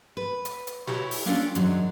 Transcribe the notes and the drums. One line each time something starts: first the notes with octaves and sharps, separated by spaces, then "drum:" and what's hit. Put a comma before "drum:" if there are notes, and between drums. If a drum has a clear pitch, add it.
B4
drum: hi-hat
drum: hi-hat
E4 F#4 G4 A4 C#5, drum: snare
drum: open hi-hat
A#3 C#4 D4 F4 A4 G5
F#2 D#3 F#3 G#3 D4, drum: hi-hat